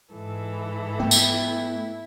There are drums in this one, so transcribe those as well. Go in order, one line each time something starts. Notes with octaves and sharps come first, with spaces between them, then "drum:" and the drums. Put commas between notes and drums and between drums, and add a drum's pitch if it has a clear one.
G#2 E3 A4
A3 B3 E4 G5
drum: tambourine